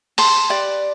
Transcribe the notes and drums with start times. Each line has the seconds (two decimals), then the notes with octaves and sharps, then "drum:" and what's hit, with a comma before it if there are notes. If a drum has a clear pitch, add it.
0.18 A5 C6, drum: open hi-hat
0.50 G4 B4 D5